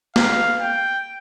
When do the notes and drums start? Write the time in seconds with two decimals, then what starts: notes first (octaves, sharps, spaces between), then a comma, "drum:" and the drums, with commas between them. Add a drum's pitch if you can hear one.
0.16 F5, drum: snare
0.61 G5